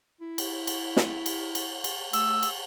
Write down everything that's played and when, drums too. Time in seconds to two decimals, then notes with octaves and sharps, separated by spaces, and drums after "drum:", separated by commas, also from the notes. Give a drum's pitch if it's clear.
0.21 E4
0.38 drum: cymbal
0.67 drum: cymbal
0.97 drum: snare
1.26 drum: cymbal
1.55 drum: cymbal
1.84 drum: cymbal
2.13 A3 E6, drum: cymbal
2.43 drum: cymbal